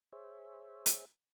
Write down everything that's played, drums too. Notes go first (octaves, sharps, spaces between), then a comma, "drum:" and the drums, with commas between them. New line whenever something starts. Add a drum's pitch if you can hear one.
G#4 C5 C#5 E5
drum: hi-hat